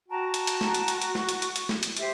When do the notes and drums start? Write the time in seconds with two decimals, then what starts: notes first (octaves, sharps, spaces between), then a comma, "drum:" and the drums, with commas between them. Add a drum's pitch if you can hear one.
0.09 F#4 G5 A5 A#5
0.34 drum: hi-hat
0.47 drum: hi-hat
0.61 drum: snare
0.74 drum: hi-hat
0.88 drum: hi-hat
1.02 drum: hi-hat
1.15 C#6, drum: snare
1.29 drum: hi-hat
1.42 drum: hi-hat
1.56 drum: hi-hat
1.69 drum: snare
1.83 drum: hi-hat
1.97 G4 C5 E5, drum: hi-hat